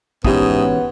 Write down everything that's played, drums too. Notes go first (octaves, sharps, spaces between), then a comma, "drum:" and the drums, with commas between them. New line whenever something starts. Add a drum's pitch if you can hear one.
G#2 B2 E3 B3 C#4 G4 E5 D#6, drum: kick